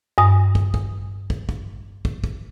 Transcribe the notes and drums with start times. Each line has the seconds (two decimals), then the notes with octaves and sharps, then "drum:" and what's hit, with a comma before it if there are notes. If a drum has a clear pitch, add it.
0.18 G2 D#6
0.55 drum: kick
0.74 drum: kick
1.30 drum: kick
1.49 drum: kick
2.05 drum: kick
2.24 drum: kick